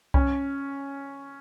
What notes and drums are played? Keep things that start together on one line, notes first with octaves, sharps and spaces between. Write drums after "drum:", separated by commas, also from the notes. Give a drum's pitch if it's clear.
C#4, drum: kick C2